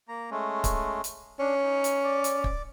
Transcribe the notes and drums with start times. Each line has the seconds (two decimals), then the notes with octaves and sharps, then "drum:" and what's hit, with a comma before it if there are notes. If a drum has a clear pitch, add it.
0.08 A#3 A#5
0.31 G#3 A3 C#4
0.64 drum: kick, hi-hat
1.04 drum: hi-hat
1.40 C#4 D4
1.63 D#4
1.84 drum: hi-hat
2.04 D5 D6
2.24 drum: hi-hat
2.44 drum: kick